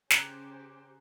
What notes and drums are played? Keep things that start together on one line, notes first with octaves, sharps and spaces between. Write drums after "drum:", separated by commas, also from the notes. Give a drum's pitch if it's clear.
C#3 C#4 G4 C5 A#5 F#6 G#6, drum: snare